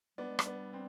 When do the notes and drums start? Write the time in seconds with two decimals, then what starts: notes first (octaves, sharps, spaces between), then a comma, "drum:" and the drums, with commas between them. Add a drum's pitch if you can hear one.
0.18 G3 B3 D4
0.28 G#3
0.39 G3, drum: rim click
0.46 B3 D4
0.73 C4